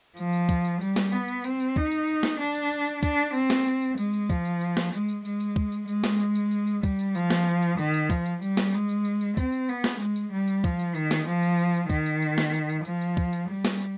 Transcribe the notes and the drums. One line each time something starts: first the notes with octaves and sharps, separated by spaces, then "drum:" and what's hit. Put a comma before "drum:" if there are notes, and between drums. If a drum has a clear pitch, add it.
F3, drum: tambourine
drum: tambourine
drum: kick, tambourine
drum: tambourine
G3, drum: tambourine
drum: snare
B3, drum: tambourine
drum: tambourine
C4, drum: tambourine
drum: tambourine
D#4, drum: kick
drum: tambourine
drum: tambourine
drum: snare
D4
drum: tambourine
drum: tambourine
drum: tambourine
D4, drum: kick, tambourine
drum: tambourine
C4, drum: tambourine
drum: snare
drum: tambourine
drum: tambourine
G#3, drum: tambourine
drum: tambourine
F3, drum: kick, tambourine
drum: tambourine
drum: tambourine
drum: snare
G#3, drum: tambourine
drum: tambourine
G#3, drum: tambourine
drum: tambourine
drum: kick
drum: tambourine
G#3, drum: tambourine
drum: snare
drum: tambourine
drum: tambourine
drum: tambourine
drum: tambourine
G3, drum: kick, tambourine
drum: tambourine
F3, drum: tambourine
drum: snare
drum: tambourine
D#3, drum: tambourine
drum: tambourine
F3, drum: kick, tambourine
drum: tambourine
G3, drum: tambourine
drum: snare
G#3, drum: tambourine
drum: tambourine
drum: tambourine
drum: tambourine
C4, drum: kick, tambourine
drum: tambourine
B3, drum: tambourine
drum: snare
G#3, drum: tambourine
drum: tambourine
G3
drum: tambourine
F3, drum: kick, tambourine
drum: tambourine
D#3, drum: tambourine
drum: snare
F3
drum: tambourine
drum: tambourine
drum: tambourine
D#3, drum: kick, tambourine
drum: tambourine
drum: tambourine
drum: snare
drum: tambourine
drum: tambourine
F3, drum: tambourine
drum: tambourine
drum: kick, tambourine
drum: tambourine
G3
drum: snare
drum: tambourine